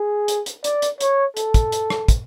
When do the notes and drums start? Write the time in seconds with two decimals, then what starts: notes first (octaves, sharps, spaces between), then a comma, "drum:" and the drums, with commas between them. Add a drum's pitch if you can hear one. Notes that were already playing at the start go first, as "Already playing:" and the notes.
Already playing: G#4
0.28 drum: hi-hat
0.46 drum: hi-hat
0.64 D5, drum: hi-hat
0.82 drum: hi-hat
1.00 C#5, drum: hi-hat
1.37 A4, drum: hi-hat
1.54 drum: kick, hi-hat
1.72 drum: hi-hat
1.90 drum: rim click
2.08 drum: kick, hi-hat